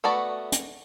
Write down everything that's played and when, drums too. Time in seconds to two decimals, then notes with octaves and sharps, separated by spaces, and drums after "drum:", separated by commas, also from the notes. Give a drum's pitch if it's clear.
0.04 A3 B3 F#4 D5
0.52 drum: hi-hat